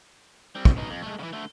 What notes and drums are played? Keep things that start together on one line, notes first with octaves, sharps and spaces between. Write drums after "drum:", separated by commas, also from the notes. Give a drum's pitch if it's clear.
G3 C4
drum: kick
B2 D#4
F2
G#3 A3
C#3 E3
D3 A3